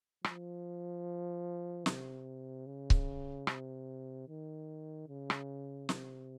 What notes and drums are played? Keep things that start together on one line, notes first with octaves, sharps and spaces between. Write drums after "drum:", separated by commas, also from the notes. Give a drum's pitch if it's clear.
F3, drum: rim click
C3, drum: snare
C#3
drum: kick C#1
C3, drum: rim click
D#3
C#3
drum: rim click
C3, drum: snare